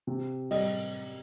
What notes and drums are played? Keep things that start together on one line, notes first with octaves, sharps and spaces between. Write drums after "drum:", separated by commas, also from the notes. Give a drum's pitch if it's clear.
C3
G3 D#5, drum: open hi-hat